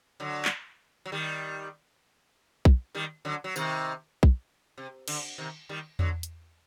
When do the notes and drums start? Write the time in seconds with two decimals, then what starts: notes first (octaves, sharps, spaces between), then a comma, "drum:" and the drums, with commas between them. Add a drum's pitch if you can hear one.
0.20 D3 F#3
0.45 drum: clap
1.06 F#3
1.12 D#3 G3
2.65 drum: kick B1
2.95 D#3 G3
3.25 D3 F#3
3.44 F#3
3.56 C3 D#3, drum: tambourine
4.23 drum: kick B1
4.78 C3
5.08 D3, drum: cymbal
5.38 C3 D#3
5.69 D#3 G3
5.99 D3 F#3, drum: tom E2
6.23 drum: hi-hat